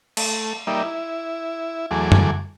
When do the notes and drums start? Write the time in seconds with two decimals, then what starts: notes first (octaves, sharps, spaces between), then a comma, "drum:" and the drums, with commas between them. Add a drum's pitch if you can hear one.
0.17 A3, drum: cymbal
0.67 G3 A#3 D#4 D5 E5
0.83 E4
1.91 E2 F#3 A3 G#4 D6
2.12 drum: tom F#2